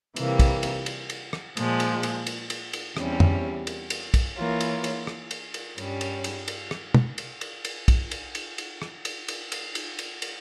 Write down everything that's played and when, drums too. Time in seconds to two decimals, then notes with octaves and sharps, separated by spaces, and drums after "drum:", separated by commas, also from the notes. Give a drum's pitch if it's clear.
0.16 C3 E3 G3 A#3, drum: cymbal
0.39 drum: kick, cymbal
0.63 drum: cymbal
0.86 drum: cymbal
1.10 drum: cymbal
1.33 drum: rim click
1.57 A#2 F3 G#3, drum: cymbal
1.80 drum: cymbal
2.03 drum: cymbal
2.27 drum: cymbal
2.50 drum: cymbal
2.73 drum: cymbal
2.97 E2 C3 G3 C#4, drum: rim click
3.20 drum: tom
3.67 drum: cymbal
3.90 drum: cymbal
4.14 drum: kick, cymbal
4.37 E3 A#3 F4 A#4 C#5
4.61 drum: cymbal
4.84 drum: cymbal
5.07 drum: rim click
5.31 drum: cymbal
5.54 drum: cymbal
5.78 G2 G3 C#4, drum: cymbal
6.01 drum: cymbal
6.24 drum: cymbal
6.48 drum: cymbal
6.71 drum: rim click
6.94 drum: tom
7.18 drum: cymbal
7.41 drum: cymbal
7.65 drum: cymbal
7.88 drum: kick, cymbal
8.11 drum: cymbal
8.35 drum: cymbal
8.58 drum: cymbal
8.82 drum: rim click
9.05 drum: cymbal
9.28 drum: cymbal
9.52 drum: cymbal
9.75 drum: cymbal
9.99 drum: cymbal
10.22 drum: cymbal